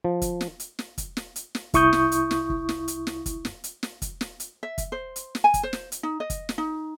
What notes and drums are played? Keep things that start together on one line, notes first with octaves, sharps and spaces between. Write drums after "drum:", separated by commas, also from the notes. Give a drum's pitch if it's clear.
F3
drum: kick, hi-hat
drum: snare
drum: hi-hat
drum: snare
drum: kick, hi-hat
drum: snare
drum: hi-hat
drum: snare
C2 E4 C#6 D#6 G6, drum: kick, hi-hat
drum: snare
drum: hi-hat
drum: snare
drum: kick
drum: snare
drum: hi-hat
drum: snare
drum: kick, hi-hat
drum: snare
drum: hi-hat
drum: snare
drum: kick, hi-hat
drum: snare
drum: hi-hat
E5
drum: kick, hi-hat
C5
drum: hi-hat
drum: snare
G#5
drum: kick, hi-hat
C5
drum: snare
drum: hi-hat
D#4
D#5
drum: kick, hi-hat
drum: snare
D#4